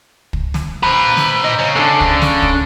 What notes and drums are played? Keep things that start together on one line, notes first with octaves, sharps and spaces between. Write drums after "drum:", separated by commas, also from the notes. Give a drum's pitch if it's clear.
drum: kick
drum: snare
B4 C5 A#5
drum: snare
G2 D#5
C#3
D3 D4
drum: kick
drum: snare
drum: kick